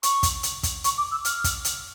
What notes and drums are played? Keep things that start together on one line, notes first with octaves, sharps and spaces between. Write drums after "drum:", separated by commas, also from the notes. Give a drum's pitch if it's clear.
C#6, drum: hi-hat
drum: kick, hi-hat
drum: hi-hat
drum: kick, hi-hat
C#6, drum: hi-hat
D6
E6
F6, drum: hi-hat
drum: kick, hi-hat
drum: hi-hat